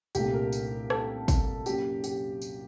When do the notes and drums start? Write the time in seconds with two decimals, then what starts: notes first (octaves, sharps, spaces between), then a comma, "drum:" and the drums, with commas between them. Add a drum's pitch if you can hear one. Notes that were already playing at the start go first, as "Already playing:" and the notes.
0.15 C2 A#2 A3 D4 G4, drum: tambourine
0.34 A#4
0.52 drum: tambourine
0.90 A4, drum: rim click
1.28 drum: kick, tambourine
1.66 F#2 F#3 A#3 G4, drum: tambourine
2.04 G4, drum: tambourine
2.42 drum: tambourine